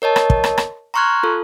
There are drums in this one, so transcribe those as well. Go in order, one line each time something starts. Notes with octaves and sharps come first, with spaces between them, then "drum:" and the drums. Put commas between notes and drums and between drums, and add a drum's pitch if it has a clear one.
A#4 C#5 D#5 A5
drum: rim click
drum: kick
drum: rim click
drum: rim click
A#5 C6 C#6 F6 F#6 G#6
F4 A4